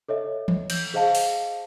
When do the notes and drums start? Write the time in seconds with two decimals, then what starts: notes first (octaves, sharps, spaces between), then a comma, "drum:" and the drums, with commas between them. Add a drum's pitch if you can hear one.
0.08 A4 C#5 D#5 E5
0.48 drum: tom E3
0.70 G6, drum: cymbal
0.94 G#4 C5 D#5 F5 A5
1.15 drum: open hi-hat